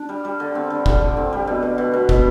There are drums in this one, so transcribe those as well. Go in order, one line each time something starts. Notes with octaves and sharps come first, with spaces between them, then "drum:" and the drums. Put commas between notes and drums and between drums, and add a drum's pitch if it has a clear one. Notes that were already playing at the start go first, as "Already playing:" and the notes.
Already playing: D4
G3
G3
D3
C4
D3
G3, drum: kick
D3
C4
G3
B2
B2
B2
B2
B2, drum: kick